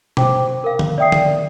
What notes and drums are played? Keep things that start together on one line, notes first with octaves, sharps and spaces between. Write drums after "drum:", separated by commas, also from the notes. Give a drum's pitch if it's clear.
C5 G5 D6, drum: tom B2
A#4 F5
drum: tom D3
D5 E5 G5 D#6 C7
drum: tom D3